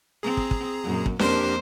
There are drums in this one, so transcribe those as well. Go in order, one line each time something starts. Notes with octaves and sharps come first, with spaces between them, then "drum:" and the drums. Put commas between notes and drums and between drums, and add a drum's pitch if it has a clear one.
C4 G#4 A#5
drum: kick
drum: kick
F#2 A#2
drum: kick
F2 A#3 D4 G4 A#4 C5, drum: snare C#4